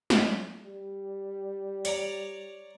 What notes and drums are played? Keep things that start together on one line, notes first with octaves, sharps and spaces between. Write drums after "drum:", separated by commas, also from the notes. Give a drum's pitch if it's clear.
drum: snare
G3
C#5 D5 A#5, drum: hi-hat